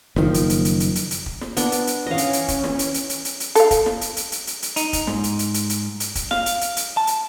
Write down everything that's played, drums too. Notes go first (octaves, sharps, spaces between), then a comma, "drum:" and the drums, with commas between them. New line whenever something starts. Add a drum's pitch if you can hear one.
F#1 D#3 F3, drum: snare
drum: hi-hat
drum: hi-hat
drum: hi-hat
drum: hi-hat
drum: hi-hat
drum: hi-hat
drum: kick
drum: snare
B3 D4, drum: hi-hat
drum: hi-hat
drum: hi-hat
E3 C#4 D#5 F5
drum: hi-hat
drum: hi-hat
drum: kick, hi-hat
drum: snare
drum: hi-hat
drum: hi-hat
drum: hi-hat
drum: hi-hat
drum: hi-hat
A4 F5, drum: hi-hat
drum: kick, hi-hat
drum: snare
drum: hi-hat
drum: hi-hat
drum: hi-hat
drum: hi-hat
drum: hi-hat
D#4, drum: hi-hat
drum: kick, hi-hat
G#2, drum: snare
drum: hi-hat
drum: hi-hat
drum: hi-hat
drum: hi-hat
drum: hi-hat
drum: kick, hi-hat
F5, drum: snare
drum: hi-hat
drum: hi-hat
drum: hi-hat
A5
drum: hi-hat